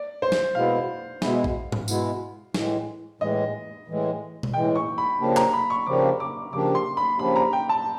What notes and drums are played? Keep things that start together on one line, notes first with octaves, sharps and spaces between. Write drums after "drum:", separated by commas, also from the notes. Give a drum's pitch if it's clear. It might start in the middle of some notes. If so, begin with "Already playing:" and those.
Already playing: D5
C5
drum: snare
B2 G#3 B3 E4 F5
B2 G#3 B3 E4, drum: snare
drum: kick
drum: tom G#2
B2 G#3 B3 E4, drum: tambourine
A2 E3 G#3, drum: snare
A2 E3 G#3 D#5
A2 E3 G#3
drum: tom B2
A2 E3 G#3 G5
C#6
B5
C#3 F3 A#3 D4 G4
A#5, drum: clap
B5
C#6
C#3 F3 A#3 D4 G4 D6
D6
C#3 F3 A#3 D4 G4 D6
C6
B5
C#3 F3 A#3 D4 G4 B5
A#5
G5
A5